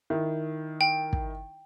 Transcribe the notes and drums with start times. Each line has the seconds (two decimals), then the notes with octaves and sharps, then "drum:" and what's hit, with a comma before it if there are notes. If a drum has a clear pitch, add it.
0.10 D#3 E4
0.81 G5
1.13 drum: kick